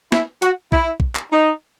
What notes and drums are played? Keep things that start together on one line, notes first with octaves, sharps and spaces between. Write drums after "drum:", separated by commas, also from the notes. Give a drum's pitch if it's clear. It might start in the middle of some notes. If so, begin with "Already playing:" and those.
E4, drum: snare
F#4, drum: hi-hat
E4, drum: kick
drum: kick
drum: clap
D#4